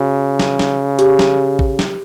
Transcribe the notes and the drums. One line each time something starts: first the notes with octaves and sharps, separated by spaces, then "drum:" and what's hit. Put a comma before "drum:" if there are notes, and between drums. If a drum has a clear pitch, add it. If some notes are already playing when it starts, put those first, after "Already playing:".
Already playing: C#3 F#4
drum: snare
drum: snare
G4, drum: hi-hat
drum: snare
drum: kick A1
drum: snare